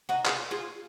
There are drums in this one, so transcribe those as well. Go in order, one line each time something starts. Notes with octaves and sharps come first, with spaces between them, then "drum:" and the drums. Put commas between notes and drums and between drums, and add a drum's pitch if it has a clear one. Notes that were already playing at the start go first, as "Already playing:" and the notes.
D#4 F#4
F4 G#4, drum: clap
F4 G#4